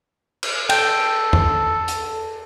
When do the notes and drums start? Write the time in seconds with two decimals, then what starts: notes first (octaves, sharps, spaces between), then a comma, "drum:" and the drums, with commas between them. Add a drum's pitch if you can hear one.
0.43 drum: cymbal
0.70 A4 G5, drum: cymbal
1.33 drum: tom E2
1.88 drum: hi-hat